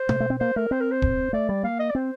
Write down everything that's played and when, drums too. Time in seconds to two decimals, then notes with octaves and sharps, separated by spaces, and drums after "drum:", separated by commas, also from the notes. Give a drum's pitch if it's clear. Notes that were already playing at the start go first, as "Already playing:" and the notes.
Already playing: C5
0.09 A3, drum: tom B2
0.20 A3
0.30 C4
0.40 A#3 C5
0.56 A3 A#4
0.71 C4 C5
0.81 A#4
0.91 C5
1.02 drum: kick
1.33 A3 D5
1.49 G3 D5
1.63 A#3 F5
1.80 D#5
1.90 D5
1.95 C4 C5